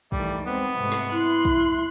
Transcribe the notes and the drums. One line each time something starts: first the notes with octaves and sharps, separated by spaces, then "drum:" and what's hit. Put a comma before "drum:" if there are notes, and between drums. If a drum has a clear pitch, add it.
D#3 E3 G3 A3, drum: kick
G#3 B3 C4
G#2 C3 A3
drum: snare
E4 C6 F#6
drum: kick